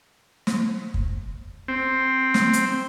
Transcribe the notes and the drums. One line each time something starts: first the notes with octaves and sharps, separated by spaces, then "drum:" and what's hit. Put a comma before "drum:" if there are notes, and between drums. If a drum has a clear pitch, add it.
drum: snare
drum: kick
C4
drum: snare
drum: hi-hat